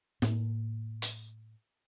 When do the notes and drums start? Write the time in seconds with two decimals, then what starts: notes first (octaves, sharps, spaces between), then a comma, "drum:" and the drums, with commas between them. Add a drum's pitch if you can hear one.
0.22 A2 A#3, drum: snare
1.02 drum: hi-hat